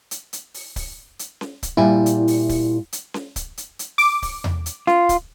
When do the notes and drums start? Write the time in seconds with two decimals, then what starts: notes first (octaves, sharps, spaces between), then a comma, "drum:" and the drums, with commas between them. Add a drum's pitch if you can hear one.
0.11 drum: hi-hat
0.33 drum: hi-hat
0.54 drum: open hi-hat
0.76 drum: kick C#1, open hi-hat
1.19 drum: hi-hat
1.41 drum: snare C#4
1.63 drum: kick C#1, hi-hat
1.77 A#2 G3 E4 G#5
2.06 drum: hi-hat
2.28 drum: open hi-hat
2.49 drum: kick C#1, open hi-hat
2.93 drum: hi-hat
3.14 drum: snare C#4
3.36 drum: kick C#1, hi-hat
3.57 drum: hi-hat
3.79 drum: hi-hat
3.98 D6, drum: open hi-hat
4.22 drum: kick C#1, open hi-hat
4.44 drum: tom E2
4.66 drum: hi-hat
4.87 F4, drum: snare C#4
5.09 drum: kick C#1, hi-hat